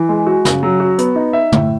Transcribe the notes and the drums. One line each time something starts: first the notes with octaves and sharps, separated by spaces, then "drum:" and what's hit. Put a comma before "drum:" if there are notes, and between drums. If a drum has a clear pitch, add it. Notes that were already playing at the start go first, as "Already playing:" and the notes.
Already playing: E3
G#3
F#4
C#3, drum: snare
F#3
F#4
B3, drum: hi-hat
D#4
E5
A2, drum: tom